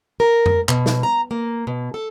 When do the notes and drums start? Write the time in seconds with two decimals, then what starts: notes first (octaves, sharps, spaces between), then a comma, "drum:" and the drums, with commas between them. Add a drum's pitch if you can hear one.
0.20 A#4
0.46 drum: tom F2
0.69 B2, drum: clap
0.86 drum: snare
1.03 A#5
1.31 A#3
1.67 B2
1.94 A4